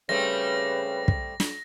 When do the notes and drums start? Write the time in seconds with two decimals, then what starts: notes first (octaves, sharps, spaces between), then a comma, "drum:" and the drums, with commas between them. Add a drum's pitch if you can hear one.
0.09 C#3 G3 A3 C4 B4 A#6
1.08 drum: kick
1.40 drum: snare